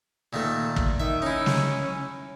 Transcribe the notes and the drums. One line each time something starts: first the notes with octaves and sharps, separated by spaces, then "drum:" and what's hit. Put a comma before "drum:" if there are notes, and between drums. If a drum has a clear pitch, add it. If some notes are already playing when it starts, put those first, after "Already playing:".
A#2 D#3 A3
drum: kick
D#3 E5
C#4 D#4 E4
drum: snare